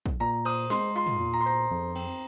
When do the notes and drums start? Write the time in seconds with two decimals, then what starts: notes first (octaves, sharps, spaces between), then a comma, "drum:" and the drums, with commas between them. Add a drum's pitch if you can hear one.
0.06 drum: kick A#1
0.20 A#2 A#5
0.45 C5 D#6, drum: cymbal
0.70 G#3 C6, drum: snare
0.96 F4 C6
1.07 drum: tom
1.20 A#2
1.33 A#5
1.41 C6
1.46 C5 A#5
1.71 F2
1.96 C4, drum: cymbal